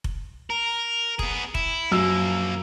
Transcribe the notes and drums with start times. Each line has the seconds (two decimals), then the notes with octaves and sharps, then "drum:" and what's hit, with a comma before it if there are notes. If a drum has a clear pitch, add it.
0.04 drum: kick F1
0.50 A#4
1.19 B3 G#4, drum: kick F1
1.55 E4, drum: kick F1
1.91 F#2 F3 A#3 E6